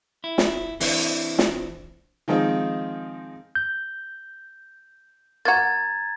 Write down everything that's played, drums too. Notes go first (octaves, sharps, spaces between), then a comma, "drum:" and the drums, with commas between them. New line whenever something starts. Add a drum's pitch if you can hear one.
E4
drum: snare
E3 C4 D4 E4, drum: open hi-hat
drum: snare
D#3 F3 G#3 C4 D#4
G6
A#3 F#4 A#5 G#6 A6